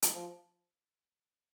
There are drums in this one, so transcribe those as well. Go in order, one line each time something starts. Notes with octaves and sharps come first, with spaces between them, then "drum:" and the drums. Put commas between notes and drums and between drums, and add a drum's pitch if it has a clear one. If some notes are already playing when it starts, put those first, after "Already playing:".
drum: hi-hat
F3